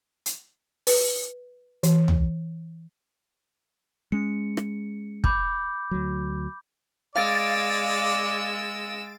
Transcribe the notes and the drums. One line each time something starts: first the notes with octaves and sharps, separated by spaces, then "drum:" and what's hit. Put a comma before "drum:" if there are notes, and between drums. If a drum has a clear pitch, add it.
drum: hi-hat
B4, drum: open hi-hat
E3, drum: hi-hat
drum: tom
G#3 C#4 C#7
drum: rim click
B5 D6 G6, drum: kick
D2 F#3
G#3 D5 F5 E6 A6 D7